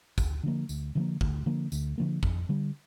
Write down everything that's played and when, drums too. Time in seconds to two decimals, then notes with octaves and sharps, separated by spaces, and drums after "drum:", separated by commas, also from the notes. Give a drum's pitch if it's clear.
0.18 D2, drum: kick, tambourine
0.43 D3 F3 A#3
0.69 D2, drum: tambourine
0.95 D3 F3 A#3
1.21 D2, drum: kick
1.46 D3 F3 A#3
1.72 D2, drum: tambourine
1.98 D3 F3 A#3
2.23 F2, drum: kick
2.49 D3 G3